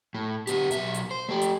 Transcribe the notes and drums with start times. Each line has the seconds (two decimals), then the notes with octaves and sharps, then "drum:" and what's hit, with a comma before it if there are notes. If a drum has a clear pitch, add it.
0.14 A2
0.47 B3 G4, drum: hi-hat
0.71 B1 E5, drum: hi-hat
0.94 drum: hi-hat
1.11 C5
1.29 A3 G4
1.41 drum: hi-hat